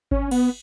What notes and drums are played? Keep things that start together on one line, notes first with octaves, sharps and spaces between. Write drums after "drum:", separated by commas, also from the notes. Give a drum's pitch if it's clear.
C#4, drum: kick G#1
B3, drum: cymbal